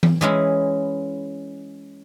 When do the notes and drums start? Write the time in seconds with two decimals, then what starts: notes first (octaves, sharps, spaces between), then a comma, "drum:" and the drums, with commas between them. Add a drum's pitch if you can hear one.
0.03 drum: tom E3
0.21 E3 G#3 C#4 E4